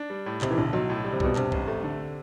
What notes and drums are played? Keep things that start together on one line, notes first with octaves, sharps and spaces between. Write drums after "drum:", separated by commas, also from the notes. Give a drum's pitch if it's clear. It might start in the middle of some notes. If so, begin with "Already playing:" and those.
Already playing: D4
G3
A2
B1 C3, drum: clap
E3
B1 D3
B1 F#3
A2
G3
C3
B2 G3, drum: kick B1
G2 C3, drum: clap
A1, drum: kick B1
A3
D3